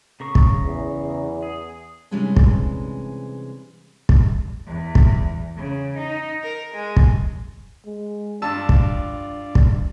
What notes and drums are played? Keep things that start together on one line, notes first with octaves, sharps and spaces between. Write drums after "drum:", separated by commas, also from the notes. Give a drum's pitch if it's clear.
C#3 A#4 C#6
drum: kick
E2
G#4
C3 E3 G3 G#3 C#4 D4
drum: kick
drum: kick
E2
drum: kick
C#3
D#4
A#4
G#3
drum: kick
G#3
G2 D4 F4 D5 A5 E6
drum: kick
drum: kick